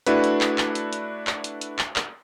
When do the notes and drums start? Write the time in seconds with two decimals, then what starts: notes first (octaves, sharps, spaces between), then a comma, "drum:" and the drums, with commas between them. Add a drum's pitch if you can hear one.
0.07 A3 D4 E4 F#4 B4, drum: hi-hat
0.24 drum: hi-hat
0.41 drum: clap
0.58 drum: clap
0.75 drum: hi-hat
0.93 drum: hi-hat
1.27 drum: clap
1.44 drum: hi-hat
1.61 drum: hi-hat
1.79 drum: clap
1.96 drum: clap